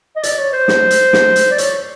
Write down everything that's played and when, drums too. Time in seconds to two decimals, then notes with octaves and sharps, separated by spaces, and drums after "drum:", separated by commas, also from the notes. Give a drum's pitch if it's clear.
0.16 D#5
0.23 D5, drum: hi-hat
0.38 C#5
0.53 C5
0.68 drum: snare
0.91 drum: hi-hat
1.13 drum: snare
1.36 drum: hi-hat
1.51 D5
1.58 C#5, drum: hi-hat